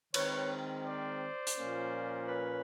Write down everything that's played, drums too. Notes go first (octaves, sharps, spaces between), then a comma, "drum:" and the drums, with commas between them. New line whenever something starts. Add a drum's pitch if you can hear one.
D#3 G#3 C4 B4 C#5, drum: cymbal
C5 D5
drum: hi-hat
A#2 F3 A#3 C#4
B4 C#5